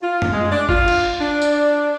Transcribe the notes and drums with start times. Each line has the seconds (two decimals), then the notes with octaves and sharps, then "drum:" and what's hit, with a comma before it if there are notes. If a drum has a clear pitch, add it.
0.01 F4
0.22 drum: tom F#2
0.32 G#3
0.50 D4
0.69 F4, drum: kick
0.88 drum: cymbal
1.19 D4
1.42 drum: tambourine